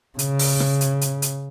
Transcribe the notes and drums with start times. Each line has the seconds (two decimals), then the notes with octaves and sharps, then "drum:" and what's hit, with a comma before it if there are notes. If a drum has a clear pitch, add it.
0.19 C#3, drum: hi-hat
0.39 drum: open hi-hat
0.60 drum: rim click
0.81 drum: hi-hat
1.01 drum: hi-hat
1.22 drum: hi-hat